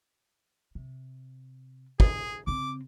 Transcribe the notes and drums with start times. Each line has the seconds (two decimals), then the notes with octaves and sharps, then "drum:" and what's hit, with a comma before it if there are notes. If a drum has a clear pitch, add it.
0.75 C3
2.00 G#4, drum: kick
2.47 C#3 C4 D6